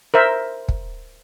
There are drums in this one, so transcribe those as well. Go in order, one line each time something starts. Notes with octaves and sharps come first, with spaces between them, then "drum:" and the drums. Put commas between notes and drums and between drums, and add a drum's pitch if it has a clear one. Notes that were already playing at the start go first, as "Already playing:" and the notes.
A#4 C5 E5
drum: kick